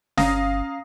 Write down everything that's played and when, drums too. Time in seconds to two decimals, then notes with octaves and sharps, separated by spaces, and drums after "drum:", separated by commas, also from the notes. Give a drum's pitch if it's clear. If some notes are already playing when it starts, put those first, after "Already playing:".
0.17 G1 C#4 F5 A#5 D#6 A#6 C7, drum: snare